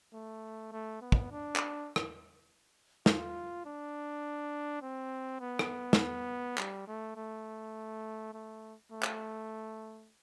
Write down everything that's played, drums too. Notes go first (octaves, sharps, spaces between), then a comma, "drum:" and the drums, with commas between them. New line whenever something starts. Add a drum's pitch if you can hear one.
A3
A3
B3
drum: kick
D4
drum: clap
drum: rim click
F4, drum: snare
D4
C4
B3
drum: rim click
drum: snare
G3, drum: clap
A3
A3
A3
A3
drum: clap